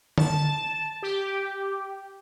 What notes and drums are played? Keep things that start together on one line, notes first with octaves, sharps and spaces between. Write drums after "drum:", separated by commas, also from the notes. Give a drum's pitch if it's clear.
A5, drum: tom D3
G4